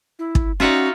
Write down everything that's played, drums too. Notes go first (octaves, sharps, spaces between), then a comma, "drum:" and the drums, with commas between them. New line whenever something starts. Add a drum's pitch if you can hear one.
E4
drum: kick
C#4 D#4 F4 F#4 D5 E5 F#5